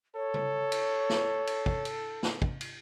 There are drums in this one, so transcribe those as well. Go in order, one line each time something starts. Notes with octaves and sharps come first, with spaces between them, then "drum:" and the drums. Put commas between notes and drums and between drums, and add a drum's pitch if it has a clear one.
A4 C#5
drum: tom C#3
drum: cymbal
drum: snare
drum: cymbal
drum: kick
drum: cymbal
drum: snare
drum: kick
drum: cymbal